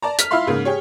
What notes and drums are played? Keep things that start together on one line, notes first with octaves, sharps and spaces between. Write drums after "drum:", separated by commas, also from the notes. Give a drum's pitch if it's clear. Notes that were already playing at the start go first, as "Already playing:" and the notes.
D5 A5 A#5
F6 B6, drum: hi-hat
E4 F4 E5 F5 B5 C6
G#2 C#3 A#3
G4 G#4 C#5